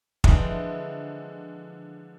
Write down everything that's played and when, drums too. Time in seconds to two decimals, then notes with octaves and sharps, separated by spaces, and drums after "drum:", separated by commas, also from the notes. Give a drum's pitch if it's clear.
0.24 D3 E3 F3 G#3 C4, drum: kick